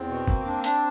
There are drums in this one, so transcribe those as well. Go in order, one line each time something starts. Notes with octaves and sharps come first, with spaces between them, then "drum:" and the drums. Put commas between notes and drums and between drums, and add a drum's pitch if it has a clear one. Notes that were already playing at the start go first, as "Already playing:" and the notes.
Already playing: E2 C4
B2
A#3, drum: kick
D4
D4, drum: hi-hat